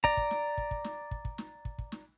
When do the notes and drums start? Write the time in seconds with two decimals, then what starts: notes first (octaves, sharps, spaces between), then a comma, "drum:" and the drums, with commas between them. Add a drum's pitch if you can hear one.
0.04 D5 A#5, drum: kick
0.17 drum: kick
0.31 drum: snare
0.58 drum: kick
0.71 drum: kick
0.84 drum: snare
1.11 drum: kick
1.25 drum: kick
1.38 drum: snare
1.65 drum: kick
1.78 drum: kick
1.92 drum: snare